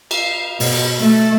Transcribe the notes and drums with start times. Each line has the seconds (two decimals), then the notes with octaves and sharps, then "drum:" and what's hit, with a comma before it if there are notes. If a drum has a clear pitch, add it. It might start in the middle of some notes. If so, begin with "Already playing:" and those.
0.11 F5, drum: cymbal
0.60 B2, drum: open hi-hat
0.98 A3